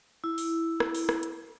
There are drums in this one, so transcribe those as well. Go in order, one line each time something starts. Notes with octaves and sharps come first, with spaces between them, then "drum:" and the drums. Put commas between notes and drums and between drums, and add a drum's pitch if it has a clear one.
E4
drum: open hi-hat
drum: rim click
drum: open hi-hat
drum: rim click
drum: hi-hat